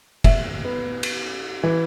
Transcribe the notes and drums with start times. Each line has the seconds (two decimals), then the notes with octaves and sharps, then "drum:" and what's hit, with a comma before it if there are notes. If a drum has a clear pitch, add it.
0.24 E5, drum: kick, cymbal
0.65 B3
1.03 drum: cymbal
1.63 E3